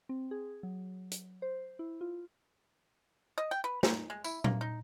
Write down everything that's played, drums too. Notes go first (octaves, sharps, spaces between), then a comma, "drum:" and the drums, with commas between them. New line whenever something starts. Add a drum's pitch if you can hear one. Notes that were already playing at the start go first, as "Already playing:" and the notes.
C4
G#4
F#3
drum: hi-hat
C5
E4
F4
D#5
G5
B4
D#4, drum: snare
G#3
E4, drum: tambourine
A#3, drum: tom A#2
D#4